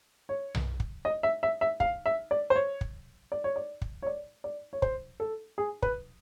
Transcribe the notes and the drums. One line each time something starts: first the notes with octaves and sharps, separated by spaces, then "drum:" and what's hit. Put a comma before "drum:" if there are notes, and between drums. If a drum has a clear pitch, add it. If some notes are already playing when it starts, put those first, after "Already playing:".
C#5
drum: tom B1
drum: kick
D#5
E5
E5
E5
F5, drum: kick
E5
D5
C5
C#5
drum: kick
D5
C#5
D5
drum: kick
C#5
D5
D5
C#5
C5, drum: kick
A4
G#4
B4, drum: kick